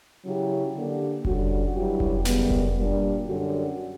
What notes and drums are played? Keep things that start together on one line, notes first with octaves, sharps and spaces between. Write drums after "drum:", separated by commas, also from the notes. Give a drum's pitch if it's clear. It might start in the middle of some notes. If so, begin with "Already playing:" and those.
C#3 F#3 C#4 E4 G4
D3 A#3 D4 G4
D3 G3 C#4 F#4, drum: kick F1
G2 F#3 C#4 E4 G4
drum: kick F1
F#2 C#3 G3 B3, drum: snare
drum: kick F1
A#2 G3 A#3 D4 G4
F#2 D3 G3 C#4 F#4